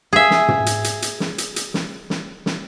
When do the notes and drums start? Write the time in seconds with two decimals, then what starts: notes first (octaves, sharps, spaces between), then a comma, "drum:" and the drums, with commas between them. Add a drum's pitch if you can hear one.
0.13 G#4 E5
0.31 drum: snare
0.48 drum: tom
0.66 drum: hi-hat
0.84 drum: hi-hat
1.02 drum: hi-hat
1.20 drum: snare
1.38 drum: hi-hat
1.56 drum: hi-hat
1.74 drum: snare
2.10 drum: snare
2.46 drum: snare